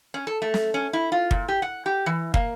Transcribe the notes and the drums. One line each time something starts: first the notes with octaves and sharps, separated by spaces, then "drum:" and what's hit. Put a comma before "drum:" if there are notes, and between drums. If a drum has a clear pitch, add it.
C#4
A4
A3
drum: snare
C#4
E4
F4
A#2, drum: kick
G4
F#5
G4
E3
A#3, drum: kick